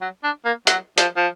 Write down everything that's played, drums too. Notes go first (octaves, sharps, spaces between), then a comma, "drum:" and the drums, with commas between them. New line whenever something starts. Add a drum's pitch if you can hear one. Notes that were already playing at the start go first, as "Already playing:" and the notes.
F#3
D4
A#3
F#3, drum: hi-hat
F3, drum: hi-hat
F3